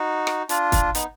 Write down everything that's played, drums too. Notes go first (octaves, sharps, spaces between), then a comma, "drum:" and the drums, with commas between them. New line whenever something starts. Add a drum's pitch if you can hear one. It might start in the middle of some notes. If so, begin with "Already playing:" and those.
Already playing: D#4 F#4
drum: rim click
D4 F4, drum: hi-hat
drum: kick, hi-hat
B3 D#4, drum: hi-hat